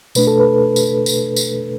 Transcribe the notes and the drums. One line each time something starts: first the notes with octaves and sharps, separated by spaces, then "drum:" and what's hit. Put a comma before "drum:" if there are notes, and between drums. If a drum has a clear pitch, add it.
B2 A3 D4 B4, drum: tambourine
A4
B4
drum: tambourine
drum: tambourine
drum: tambourine